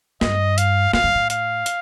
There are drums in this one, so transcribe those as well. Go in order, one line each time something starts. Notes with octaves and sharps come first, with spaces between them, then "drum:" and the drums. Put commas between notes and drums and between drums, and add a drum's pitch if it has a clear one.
G2 D#5, drum: snare
F5, drum: hi-hat
A2 F5, drum: snare
G2
A2
F5, drum: hi-hat
drum: hi-hat